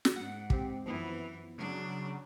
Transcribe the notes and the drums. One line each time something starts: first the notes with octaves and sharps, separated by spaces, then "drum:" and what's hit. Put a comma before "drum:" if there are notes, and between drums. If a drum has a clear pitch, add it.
drum: snare
G#2 F#5
C4 G4, drum: kick
F#2 E3 F3 B3 E4
C#3 F#3 D4